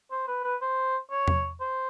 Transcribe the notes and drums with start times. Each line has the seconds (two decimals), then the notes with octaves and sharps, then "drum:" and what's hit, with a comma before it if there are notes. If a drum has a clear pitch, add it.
0.11 C5
0.27 B4
0.44 B4
0.61 C5
1.11 C#5
1.28 drum: tom E2
1.60 C5